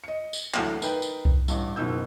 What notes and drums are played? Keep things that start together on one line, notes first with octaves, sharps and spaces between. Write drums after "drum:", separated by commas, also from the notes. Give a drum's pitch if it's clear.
D#5 C#7
drum: tambourine
D2 E3 F#3 A3 C7, drum: clap
D#4 A#4 B4 G5, drum: tambourine
drum: tambourine
drum: kick C2
A1 G2, drum: tambourine
F#1 B2 D#3 E6 G6